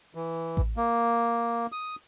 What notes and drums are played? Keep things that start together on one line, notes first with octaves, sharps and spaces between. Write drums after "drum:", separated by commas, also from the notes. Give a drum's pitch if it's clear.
E3
drum: kick A1
A#3
D#6